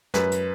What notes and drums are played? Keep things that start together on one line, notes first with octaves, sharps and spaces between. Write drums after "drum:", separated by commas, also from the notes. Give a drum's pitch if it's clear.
F#2 B4, drum: snare
drum: hi-hat